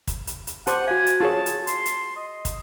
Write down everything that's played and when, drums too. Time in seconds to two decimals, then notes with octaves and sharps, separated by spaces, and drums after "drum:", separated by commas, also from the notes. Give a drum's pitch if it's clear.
0.07 drum: kick, hi-hat
0.27 drum: hi-hat
0.47 drum: hi-hat
0.67 G4 C5 F#5 A5 C6 D6, drum: hi-hat
0.88 F#4 F5 G#5
1.06 drum: hi-hat
1.21 F4 G#4 C#5 A5
1.46 drum: hi-hat
1.67 C6, drum: hi-hat
1.86 drum: hi-hat
2.16 D#5
2.45 drum: kick, hi-hat